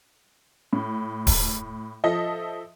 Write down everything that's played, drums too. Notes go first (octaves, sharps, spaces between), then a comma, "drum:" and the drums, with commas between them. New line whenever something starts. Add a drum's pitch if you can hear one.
A2
drum: kick D1, open hi-hat
F3 A4 D#5 E5